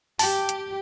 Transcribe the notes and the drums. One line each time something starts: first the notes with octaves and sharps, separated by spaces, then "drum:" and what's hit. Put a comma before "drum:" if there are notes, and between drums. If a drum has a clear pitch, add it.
G4 A5, drum: open hi-hat
drum: hi-hat